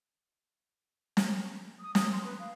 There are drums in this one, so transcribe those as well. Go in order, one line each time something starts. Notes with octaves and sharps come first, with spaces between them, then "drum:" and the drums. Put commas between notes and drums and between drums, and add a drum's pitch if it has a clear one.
drum: snare
D#6
D#6, drum: snare
C6
B4
F5